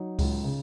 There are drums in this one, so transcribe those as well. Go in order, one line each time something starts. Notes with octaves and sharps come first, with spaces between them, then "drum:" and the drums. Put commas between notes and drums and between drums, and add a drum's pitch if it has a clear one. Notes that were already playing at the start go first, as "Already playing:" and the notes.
Already playing: F#3 D#4
C#2, drum: kick C#2, open hi-hat
C#3